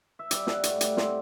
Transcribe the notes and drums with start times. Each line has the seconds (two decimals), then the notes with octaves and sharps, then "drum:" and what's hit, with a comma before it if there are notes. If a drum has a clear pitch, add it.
0.19 E5
0.31 G3 D5, drum: hi-hat
0.47 G3, drum: snare
0.53 F#5
0.63 A2, drum: hi-hat
0.81 G3, drum: hi-hat
0.97 C4, drum: snare